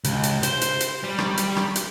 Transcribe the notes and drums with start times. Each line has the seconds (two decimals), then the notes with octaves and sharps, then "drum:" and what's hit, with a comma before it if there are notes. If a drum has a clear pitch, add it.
0.04 C#2, drum: hi-hat
0.23 drum: hi-hat
0.43 C5, drum: hi-hat
0.61 drum: hi-hat
0.80 drum: hi-hat
1.03 G3
1.18 drum: rim click
1.37 drum: hi-hat
1.57 drum: rim click
1.76 drum: hi-hat